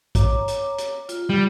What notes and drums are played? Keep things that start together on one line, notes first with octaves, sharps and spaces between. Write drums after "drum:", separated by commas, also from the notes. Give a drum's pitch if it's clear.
C#5 A#5 D6, drum: kick A#1, hi-hat
drum: hi-hat
drum: hi-hat
F4, drum: hi-hat
G3